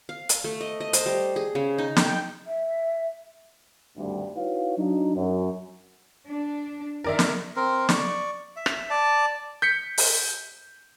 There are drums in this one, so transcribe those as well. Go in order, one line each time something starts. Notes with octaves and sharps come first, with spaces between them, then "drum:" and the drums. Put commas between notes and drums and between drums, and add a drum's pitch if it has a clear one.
F5
drum: hi-hat
A3
D#5
D#5
C5, drum: hi-hat
G3
G#4
C#3
D#4
G5, drum: snare
E5
G#1 D2 G2 G3
D#4 E4 F#4 B4 C#5 F5
F#3 D4 D#4
F#2
D4
D#3 A#4 D5 E5
drum: snare
C4 A#4
D5 C#6, drum: snare
E5
drum: rim click
D5 A5
G6 B6 C#7
drum: open hi-hat